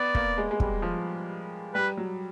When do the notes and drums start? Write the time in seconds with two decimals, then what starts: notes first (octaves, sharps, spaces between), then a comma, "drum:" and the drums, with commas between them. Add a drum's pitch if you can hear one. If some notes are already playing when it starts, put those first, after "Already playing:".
Already playing: B3 D5
0.15 A#3, drum: kick
0.38 G#3
0.51 G#3
0.60 G3, drum: kick
0.82 F3
1.74 G3 B4
1.97 F#3